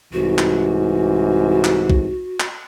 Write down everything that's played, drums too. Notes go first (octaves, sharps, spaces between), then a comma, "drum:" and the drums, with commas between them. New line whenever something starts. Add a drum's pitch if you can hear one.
C2 G#2 E3 F#4
drum: clap
drum: clap
drum: kick B1
drum: clap